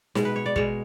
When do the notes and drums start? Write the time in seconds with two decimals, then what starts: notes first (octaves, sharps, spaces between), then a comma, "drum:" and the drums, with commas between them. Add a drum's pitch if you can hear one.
0.15 B2 G#3, drum: snare D#4
0.25 B4
0.36 C#5
0.46 D5
0.56 B2 G#3 C#5, drum: kick